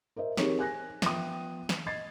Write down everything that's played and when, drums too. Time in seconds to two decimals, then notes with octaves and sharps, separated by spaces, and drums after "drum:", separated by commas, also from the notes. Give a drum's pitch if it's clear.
0.16 A#4 C5 D#5 E5
0.37 C4 D#4 G4 G#4 A#4 C#5, drum: snare
0.59 G#5 F#6 A#6
1.02 F3 B3 E5 G5 D#6, drum: snare
1.69 drum: snare
1.87 D#5 G#6 A6 C7